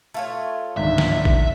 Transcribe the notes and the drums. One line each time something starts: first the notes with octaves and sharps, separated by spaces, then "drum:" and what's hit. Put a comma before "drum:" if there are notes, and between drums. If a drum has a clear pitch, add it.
A3 F4 C#5
G#1 C#2 G2 D3 E5
drum: snare
drum: kick A1